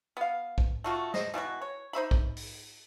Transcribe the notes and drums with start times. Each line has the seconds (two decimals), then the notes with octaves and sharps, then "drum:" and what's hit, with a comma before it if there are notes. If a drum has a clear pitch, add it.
0.17 B3 F5
0.58 drum: kick
0.84 A3 F4 F#4
1.14 C5 D#5, drum: snare
1.34 B2 E3 F#4 B4
1.61 C#5
1.93 D#4 C5 E5 B5
2.11 drum: kick
2.37 drum: open hi-hat